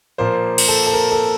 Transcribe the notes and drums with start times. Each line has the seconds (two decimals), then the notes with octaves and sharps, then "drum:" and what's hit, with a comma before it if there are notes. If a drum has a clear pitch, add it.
0.18 A#2 F3 A#3 C5
0.58 drum: cymbal
0.68 A4
0.87 A4
0.94 A#4
1.12 A4